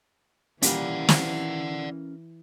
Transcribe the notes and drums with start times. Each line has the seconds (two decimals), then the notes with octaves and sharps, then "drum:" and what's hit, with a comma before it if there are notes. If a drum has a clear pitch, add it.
0.62 A#2 E3 G3 C#4 A#4 D5 F5 F#5, drum: hi-hat
1.09 drum: snare